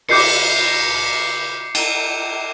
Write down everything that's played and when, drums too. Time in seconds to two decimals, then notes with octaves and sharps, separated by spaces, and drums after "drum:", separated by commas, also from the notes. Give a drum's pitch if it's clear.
0.09 D6 G6 C7 C#7, drum: cymbal
1.75 drum: cymbal